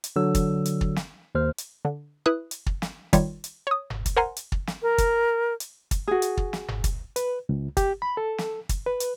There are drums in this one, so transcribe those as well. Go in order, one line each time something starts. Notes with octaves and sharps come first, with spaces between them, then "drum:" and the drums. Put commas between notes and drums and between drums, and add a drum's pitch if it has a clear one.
drum: hi-hat
D3 F#3 E6
drum: kick, hi-hat
drum: hi-hat
drum: kick
drum: snare
D#2 C5 F6
drum: hi-hat
D3
E4 B4 E5 D#6 F#6
drum: hi-hat
drum: kick
drum: snare
D#3 G3 F4 C#5, drum: kick, hi-hat
drum: hi-hat
C#5 D#6
drum: tom F#1
drum: kick, hi-hat
A#4 C5 F#5 G#5 A#5 C6
drum: hi-hat
drum: kick
drum: snare
A#4
drum: kick, hi-hat
drum: hi-hat
drum: kick, hi-hat
F#4 G#4
drum: hi-hat
drum: kick
drum: snare
drum: tom F#1
drum: kick, hi-hat
B4, drum: hi-hat
C#2
G4, drum: kick, hi-hat
B5
A4
drum: snare
drum: kick, hi-hat
B4
drum: hi-hat